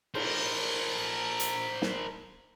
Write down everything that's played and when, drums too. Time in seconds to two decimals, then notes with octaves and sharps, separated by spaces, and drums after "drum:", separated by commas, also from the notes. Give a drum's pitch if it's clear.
0.15 A#4 C5, drum: cymbal
1.40 drum: hi-hat
1.82 drum: snare